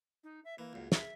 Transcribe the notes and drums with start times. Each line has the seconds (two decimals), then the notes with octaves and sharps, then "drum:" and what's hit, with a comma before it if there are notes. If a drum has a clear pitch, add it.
0.24 D#4
0.45 E5
0.58 E3 A#3
0.73 C#2 F#2
0.92 G#4 E5, drum: snare